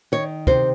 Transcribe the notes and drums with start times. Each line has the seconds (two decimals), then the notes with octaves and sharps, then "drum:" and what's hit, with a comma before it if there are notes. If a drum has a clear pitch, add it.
0.12 D#3 C#5
0.47 C3 C5, drum: kick